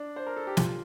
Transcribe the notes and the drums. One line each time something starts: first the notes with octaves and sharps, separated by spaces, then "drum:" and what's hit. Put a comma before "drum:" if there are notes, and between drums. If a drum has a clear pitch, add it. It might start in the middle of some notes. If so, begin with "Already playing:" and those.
Already playing: D4
C5
A#4
A4
G4
F4, drum: snare